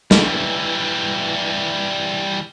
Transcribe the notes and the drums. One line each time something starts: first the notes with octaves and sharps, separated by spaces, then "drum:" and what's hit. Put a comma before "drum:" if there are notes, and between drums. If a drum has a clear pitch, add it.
E3 G3, drum: snare